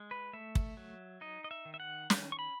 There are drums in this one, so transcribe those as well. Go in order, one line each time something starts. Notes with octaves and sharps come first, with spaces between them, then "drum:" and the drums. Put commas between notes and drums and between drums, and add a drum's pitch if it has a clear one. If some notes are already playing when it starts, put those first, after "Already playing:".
Already playing: G#3
B4
A3 E5
drum: kick
F#3
D#4 D#5
D#5
E5
D#3
E5
F#5
C#4, drum: snare
C#6
B5